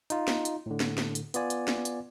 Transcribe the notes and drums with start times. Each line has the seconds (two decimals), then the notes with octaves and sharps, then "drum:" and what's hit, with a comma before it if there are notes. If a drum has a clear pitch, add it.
0.10 D#4 F4, drum: hi-hat
0.28 drum: snare
0.45 drum: hi-hat
0.66 A2 D3
0.80 drum: snare
0.98 drum: snare
1.15 drum: hi-hat
1.34 B3 F4 D5 G#5, drum: hi-hat
1.50 drum: hi-hat
1.68 drum: snare
1.85 drum: hi-hat